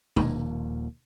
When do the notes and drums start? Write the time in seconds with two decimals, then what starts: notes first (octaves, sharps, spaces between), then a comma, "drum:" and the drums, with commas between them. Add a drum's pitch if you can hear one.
0.16 D#1 D#2 F3 A#3, drum: tom